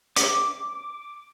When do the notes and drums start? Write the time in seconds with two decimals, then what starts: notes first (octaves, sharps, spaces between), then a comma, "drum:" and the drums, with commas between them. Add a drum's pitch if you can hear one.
0.16 D6, drum: hi-hat